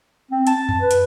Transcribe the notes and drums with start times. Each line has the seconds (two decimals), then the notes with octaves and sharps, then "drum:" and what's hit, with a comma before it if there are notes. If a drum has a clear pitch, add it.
0.31 C4
0.47 A5, drum: hi-hat
0.69 drum: tom F2
0.81 B4
0.91 drum: hi-hat